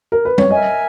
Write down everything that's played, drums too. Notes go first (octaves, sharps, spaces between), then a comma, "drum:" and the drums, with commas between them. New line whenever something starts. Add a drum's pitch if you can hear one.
A#4
B4
C#5, drum: tom G3
A#4 D#5 E5 G#5